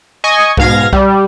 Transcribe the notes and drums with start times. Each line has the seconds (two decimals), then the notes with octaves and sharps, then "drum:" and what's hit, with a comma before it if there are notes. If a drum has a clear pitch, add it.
0.24 D#5 G#5 C#6
0.57 G#2 B2 F5 G#6 A#6, drum: kick B1
0.93 G3, drum: kick B1